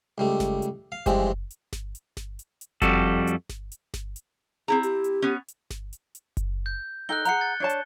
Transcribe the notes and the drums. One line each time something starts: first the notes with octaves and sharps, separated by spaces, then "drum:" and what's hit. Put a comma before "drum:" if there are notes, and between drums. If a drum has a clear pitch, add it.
C#2 G3 A3
drum: snare G1
drum: hi-hat
F5
G2 E3 F3 G#3 C4, drum: kick F#1, hi-hat
drum: hi-hat
drum: snare G1
drum: hi-hat
drum: snare G1
drum: hi-hat
drum: hi-hat
F2 G3 F#4 A4, drum: kick F#1, hi-hat
drum: hi-hat
drum: snare G1
drum: hi-hat
drum: snare G1
drum: hi-hat
C4 E4 G#4 A#5
G4, drum: hi-hat
drum: hi-hat
B3 C#4
drum: hi-hat
drum: snare G1
drum: hi-hat
drum: hi-hat
drum: kick F#1, hi-hat
G6
D#4 A4 G5 F#6 G6 G7
G#4 F#5 A#5 F#6 C#7, drum: hi-hat
A6
D4 C#5 A5
drum: hi-hat